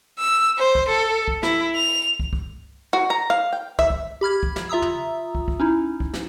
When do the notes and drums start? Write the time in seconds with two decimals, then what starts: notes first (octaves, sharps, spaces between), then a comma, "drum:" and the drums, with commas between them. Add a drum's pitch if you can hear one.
0.19 E6
0.58 C5
0.75 drum: kick
0.88 A4
1.28 drum: kick
1.43 E4, drum: snare
1.75 F7
2.20 drum: kick
2.33 drum: kick
2.93 F#4
3.10 A#5
3.30 F5
3.53 G5
3.79 E5, drum: kick
3.90 drum: kick
4.21 G4 B5 F6 G#6
4.43 drum: kick
4.56 drum: snare
4.69 F4 E5 A#5 D#6 E6
4.82 drum: tom
5.35 drum: kick
5.48 drum: kick
5.60 C#4 D#4 E4
6.00 drum: kick
6.13 drum: snare